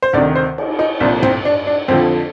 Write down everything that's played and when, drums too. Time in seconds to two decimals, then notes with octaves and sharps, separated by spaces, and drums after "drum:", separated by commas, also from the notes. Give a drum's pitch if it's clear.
0.02 C5
0.13 D2 C3 D#3 D5
0.35 C5
0.58 drum: cymbal
0.79 D#4
1.00 C2 A#2 F3 D4
1.22 C4, drum: tom
1.45 D4
1.67 D4
1.88 F2 D3 F3 C4